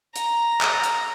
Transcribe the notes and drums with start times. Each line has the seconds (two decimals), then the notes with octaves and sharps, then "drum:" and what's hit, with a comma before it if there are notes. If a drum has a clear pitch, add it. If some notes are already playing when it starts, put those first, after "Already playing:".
0.16 A#5, drum: hi-hat
0.61 drum: clap
0.83 drum: hi-hat